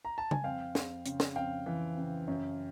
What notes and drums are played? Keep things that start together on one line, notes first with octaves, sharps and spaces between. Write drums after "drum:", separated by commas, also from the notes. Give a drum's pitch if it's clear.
A#5
A5
G#5, drum: tom C#3
F2 F5 G5
F2, drum: snare
C#3, drum: hi-hat
drum: snare
F2 F5 G5
E3
C#3
F#2